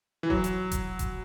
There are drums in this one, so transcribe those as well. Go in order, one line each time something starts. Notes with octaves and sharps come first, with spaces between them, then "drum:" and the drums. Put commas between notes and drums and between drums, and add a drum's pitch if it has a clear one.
E3
F#3, drum: kick E1
drum: hi-hat
drum: kick E1, hi-hat
drum: kick E1, hi-hat